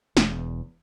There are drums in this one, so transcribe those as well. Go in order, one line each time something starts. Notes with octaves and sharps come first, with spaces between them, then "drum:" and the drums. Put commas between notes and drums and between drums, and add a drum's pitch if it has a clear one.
E1 E2, drum: snare